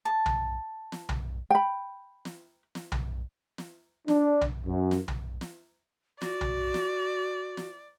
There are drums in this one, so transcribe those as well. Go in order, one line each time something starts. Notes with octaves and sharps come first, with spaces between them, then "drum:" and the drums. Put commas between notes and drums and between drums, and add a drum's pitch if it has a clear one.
A5
drum: tom B1
drum: snare
drum: tom B1
G5 B5
drum: snare
drum: snare
drum: tom B1
drum: snare
D4, drum: snare
drum: tom B1
F#2
drum: snare
drum: tom B1
drum: snare
F#4 D5, drum: snare
drum: tom B1
drum: snare
drum: snare